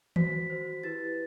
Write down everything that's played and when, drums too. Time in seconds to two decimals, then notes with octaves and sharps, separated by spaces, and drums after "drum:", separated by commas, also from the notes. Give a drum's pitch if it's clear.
0.16 F#4 C5 B6, drum: tom D#3
0.50 F#4 C5
0.83 E4 G4 B4 A6